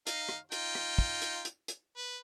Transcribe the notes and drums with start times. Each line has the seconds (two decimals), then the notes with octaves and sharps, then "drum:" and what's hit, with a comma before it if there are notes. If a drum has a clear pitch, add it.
0.07 D#4 F5, drum: hi-hat
0.29 drum: rim click
0.52 D#4 F4 G5, drum: hi-hat
0.75 drum: rim click
0.98 drum: kick
1.22 drum: hi-hat
1.45 drum: hi-hat
1.68 drum: hi-hat
1.97 B4